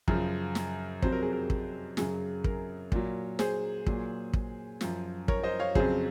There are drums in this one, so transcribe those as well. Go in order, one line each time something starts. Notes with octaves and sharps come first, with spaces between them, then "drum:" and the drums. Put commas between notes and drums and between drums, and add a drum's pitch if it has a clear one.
F#2 C#3 F3, drum: kick
drum: snare
F2 C3 F#3 C5, drum: kick
A#4
G#4
A#4
drum: kick
F#2 C#3 F#3 G#4, drum: snare
A#4, drum: kick
A#2 F#3, drum: kick
G#4 C5, drum: snare
A#2 F#3, drum: kick
drum: kick
F#2 F3, drum: snare
A#4 C#5, drum: kick
C5 D#5
C#5 F5
F2 C#3 F#3 G#4 C5, drum: kick